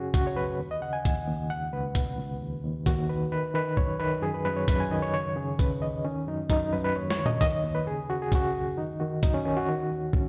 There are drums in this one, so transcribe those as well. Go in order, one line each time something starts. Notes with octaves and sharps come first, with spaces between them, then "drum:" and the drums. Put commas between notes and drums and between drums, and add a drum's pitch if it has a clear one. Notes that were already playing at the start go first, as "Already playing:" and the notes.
Already playing: F#2 C#3 C#4 F#4 G#4
C#3 F#4, drum: kick, hi-hat
C#5
F#2 B4
D#2
D#5
C#3 F#5
G#5
D#2, drum: kick, hi-hat
D#2
C#2 F#5
C#2 B4
B2, drum: kick, hi-hat
C#2
D#2
D#2
D#2 F#4, drum: kick, hi-hat
D#3 B4
D#3 B4
D#3 B4
F#2 C#5, drum: kick
D#3 B4
F#2 G#4
B4
F#2 B4
C#5
F#2 B4, drum: kick, hi-hat
G#5
D#3 D#5
C#5
C#3 C#5
C#3 G#4
C#3 B4, drum: kick, hi-hat
D#2 D#5
D#3 C#4
F#2 D#4
F#2 D#4, drum: kick, hi-hat
F#2 B4
B4
D#2 C#5
C#5, drum: snare
D#3
D#5, drum: tom A#2
D#3 D#5, drum: kick, hi-hat
D#2
B4
C#3 G#4
C#3 F#4
G#4
C#3 F#4, drum: kick, hi-hat
F#2
D#3 D#4
D#3 F#4
F#2 D#4, drum: kick, hi-hat
C#4
D#3 C#4
F#4
D#3
D#2
C#4, drum: kick